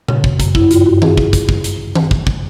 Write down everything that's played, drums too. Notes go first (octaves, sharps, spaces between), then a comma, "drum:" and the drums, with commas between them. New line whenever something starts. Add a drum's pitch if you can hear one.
C#3, drum: tom A#2
F#2, drum: kick
F#2, drum: kick, hi-hat
G2 E4, drum: kick
G2 F4, drum: hi-hat
G2 F#4
G#4, drum: tom D#3
drum: kick
drum: kick, hi-hat
drum: kick
drum: hi-hat
drum: tom D#3
drum: kick
drum: kick